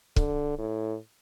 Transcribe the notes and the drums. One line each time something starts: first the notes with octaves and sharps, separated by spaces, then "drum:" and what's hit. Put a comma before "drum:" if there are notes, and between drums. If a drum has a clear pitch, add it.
D3, drum: kick
A2